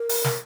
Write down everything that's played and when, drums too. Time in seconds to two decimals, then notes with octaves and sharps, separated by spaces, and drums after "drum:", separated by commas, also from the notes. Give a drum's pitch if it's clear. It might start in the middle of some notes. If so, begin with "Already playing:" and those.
Already playing: A#4
0.09 drum: open hi-hat
0.24 drum: snare